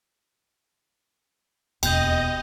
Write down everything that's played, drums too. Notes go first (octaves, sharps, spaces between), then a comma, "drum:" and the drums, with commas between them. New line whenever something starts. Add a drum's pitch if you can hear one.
E1 D#2 D#5 G5 G6, drum: cymbal